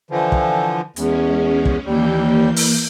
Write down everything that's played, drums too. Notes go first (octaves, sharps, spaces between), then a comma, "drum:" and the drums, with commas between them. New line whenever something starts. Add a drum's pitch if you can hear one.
D3 E3 F3
drum: kick
E2 G#3 C#4, drum: hi-hat
drum: kick
D#2 E3 G3 A#3 G6
drum: open hi-hat